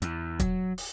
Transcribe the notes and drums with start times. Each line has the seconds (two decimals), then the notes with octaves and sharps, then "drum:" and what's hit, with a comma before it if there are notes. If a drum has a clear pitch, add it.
0.02 E2, drum: hi-hat
0.39 F#3, drum: kick, hi-hat
0.78 drum: open hi-hat